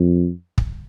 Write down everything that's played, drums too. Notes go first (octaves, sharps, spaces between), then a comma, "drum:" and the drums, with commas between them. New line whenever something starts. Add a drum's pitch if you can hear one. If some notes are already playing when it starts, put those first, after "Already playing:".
Already playing: F2
drum: kick